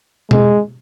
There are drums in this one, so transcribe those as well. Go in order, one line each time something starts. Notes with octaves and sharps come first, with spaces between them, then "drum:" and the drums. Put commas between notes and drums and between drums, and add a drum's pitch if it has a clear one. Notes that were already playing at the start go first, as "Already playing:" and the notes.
G#3, drum: tom B2